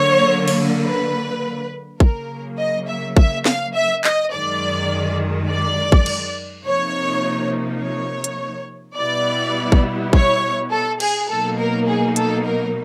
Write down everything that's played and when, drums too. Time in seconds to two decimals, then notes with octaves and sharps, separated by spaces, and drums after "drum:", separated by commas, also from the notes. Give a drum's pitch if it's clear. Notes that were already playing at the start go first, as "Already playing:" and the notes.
Already playing: D3 F#3 A#3 C#5
0.48 drum: cymbal
0.85 B4
2.00 C#3 F#3 A#3 A#4, drum: kick
2.58 D#5
2.87 E5
3.17 E5, drum: kick
3.45 F5, drum: snare
3.74 E5
4.04 D#5, drum: clap
4.32 F#2 D#3 G#3 D5
5.49 D5
5.92 drum: kick
6.06 drum: cymbal
6.64 C3 F3 A#3 D#4 C#5
7.81 C#5
8.24 drum: hi-hat
8.97 B2 G3 B3 E4 D5
9.72 drum: kick
10.13 C#5, drum: kick
10.71 A4
11.00 G#4, drum: cymbal
11.29 B2 F#3 A#3 D#4 A4
11.58 A#4
11.87 G#4
12.16 A4, drum: hi-hat
12.45 A#4